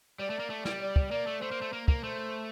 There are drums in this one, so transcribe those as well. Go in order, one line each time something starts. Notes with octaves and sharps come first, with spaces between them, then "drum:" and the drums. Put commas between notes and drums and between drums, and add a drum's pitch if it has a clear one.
G3 D5
A3
A#3
A3
G3, drum: snare
D5
drum: kick
A#3 D5
A3
A3 C5
A#3
A3
A#3 A#4
A#3, drum: kick
A3 C5